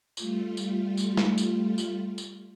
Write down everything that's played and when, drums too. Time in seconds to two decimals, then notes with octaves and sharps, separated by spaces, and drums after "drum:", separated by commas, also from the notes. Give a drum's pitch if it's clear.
0.17 G3 A3 F4, drum: tambourine
0.57 drum: tambourine
0.97 drum: tambourine
1.17 drum: snare
1.38 drum: tambourine
1.78 drum: tambourine
2.18 drum: tambourine